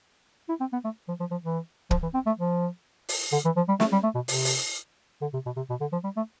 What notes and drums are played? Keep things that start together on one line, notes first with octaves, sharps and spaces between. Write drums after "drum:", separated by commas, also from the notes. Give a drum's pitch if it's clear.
E4
C4
B3
A3
F3
F3
F3
E3
F3, drum: kick
E3
C4
A3
F3
drum: open hi-hat
D3
E3
F3
G3
A3, drum: snare
G3
A3
B2
C3, drum: open hi-hat
drum: open hi-hat
D3
C3
B2
C3
B2
D3
F3
G3
A3